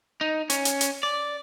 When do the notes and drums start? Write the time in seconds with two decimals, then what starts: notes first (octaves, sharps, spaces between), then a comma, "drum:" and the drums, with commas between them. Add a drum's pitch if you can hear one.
0.21 D#4
0.50 C#4, drum: hi-hat
0.65 drum: hi-hat
0.81 drum: hi-hat
1.03 D5